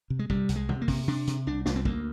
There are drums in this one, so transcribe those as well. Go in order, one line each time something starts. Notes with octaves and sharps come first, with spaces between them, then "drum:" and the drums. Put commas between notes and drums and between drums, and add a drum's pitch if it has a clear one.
C3
G#3
C3 G3, drum: kick
C2, drum: hi-hat
G#3
C3, drum: tom F2
A#3
C3, drum: kick, open hi-hat
C3 D4
C3, drum: hi-hat
C2 D4
C2 D4, drum: snare
C4
D2 A#3, drum: kick